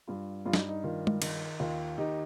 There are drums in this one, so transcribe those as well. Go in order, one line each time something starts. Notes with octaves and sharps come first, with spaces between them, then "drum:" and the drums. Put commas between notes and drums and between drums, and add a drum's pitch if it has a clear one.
G2 F4
G2 F4
D#4, drum: snare
D#4
D#3 F4
drum: tom G#3
D#3, drum: cymbal
D#2 F4
D#2 D#4 G4